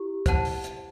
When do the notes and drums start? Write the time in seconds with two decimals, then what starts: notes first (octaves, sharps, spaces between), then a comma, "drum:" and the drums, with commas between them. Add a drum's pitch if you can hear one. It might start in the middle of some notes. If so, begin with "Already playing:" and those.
Already playing: E4 G4
0.26 C5 F#5 A5, drum: kick, hi-hat
0.45 drum: open hi-hat
0.64 drum: hi-hat